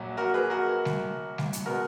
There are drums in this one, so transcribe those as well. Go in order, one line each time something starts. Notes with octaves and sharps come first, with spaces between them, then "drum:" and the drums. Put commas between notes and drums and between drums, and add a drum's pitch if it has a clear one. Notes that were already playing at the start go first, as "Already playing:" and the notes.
Already playing: A#1 A#2 F#3
F#4 A#4
G#4 B4
F#4 A#4
drum: snare G3
drum: snare G3
drum: hi-hat
B2 G#3 B3 F#4 A#4